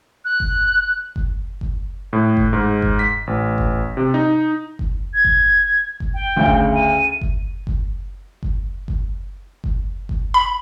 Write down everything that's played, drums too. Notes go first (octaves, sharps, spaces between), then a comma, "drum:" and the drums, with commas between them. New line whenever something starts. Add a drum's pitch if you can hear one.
F#6
drum: kick F#1
drum: kick F#1
drum: kick F#1
A2
drum: kick F#1
G#2
drum: kick F#1
B6
A1
drum: kick F#1
C3
D#4
drum: kick F#1
G#6
drum: kick F#1
drum: kick F#1
G5
D2 C#3
drum: kick F#1
D#7
drum: kick F#1
drum: kick F#1
drum: kick F#1
drum: kick F#1
drum: kick F#1
drum: kick F#1
B5